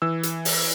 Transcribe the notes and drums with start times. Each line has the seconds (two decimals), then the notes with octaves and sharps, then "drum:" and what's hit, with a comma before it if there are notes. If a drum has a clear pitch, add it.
0.02 E3 E6
0.23 drum: hi-hat
0.45 drum: open hi-hat